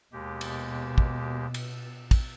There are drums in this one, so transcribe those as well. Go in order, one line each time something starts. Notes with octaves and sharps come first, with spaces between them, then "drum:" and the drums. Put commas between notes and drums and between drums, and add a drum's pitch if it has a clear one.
D#2 B2 G#3 G4
drum: cymbal
drum: kick
drum: cymbal
drum: kick, cymbal